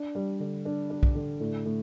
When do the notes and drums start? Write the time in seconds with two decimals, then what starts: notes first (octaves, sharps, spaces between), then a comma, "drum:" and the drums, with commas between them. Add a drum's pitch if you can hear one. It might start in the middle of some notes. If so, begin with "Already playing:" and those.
Already playing: D4
0.15 G3
0.40 D3
0.65 D4
0.90 D4
1.03 drum: kick
1.15 D3
1.40 A2
1.65 A2